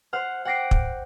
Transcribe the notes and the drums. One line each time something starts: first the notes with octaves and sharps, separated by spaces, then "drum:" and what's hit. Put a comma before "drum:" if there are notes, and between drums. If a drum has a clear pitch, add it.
C5 F#5 F6
F#5 G5 D6 A#6 C7 D7
drum: kick